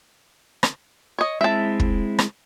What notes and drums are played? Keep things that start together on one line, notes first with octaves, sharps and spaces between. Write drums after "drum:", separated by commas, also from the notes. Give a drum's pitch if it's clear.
drum: rim click
C#5 D#5
G#3 C4 E4 E5 A5
drum: kick
drum: rim click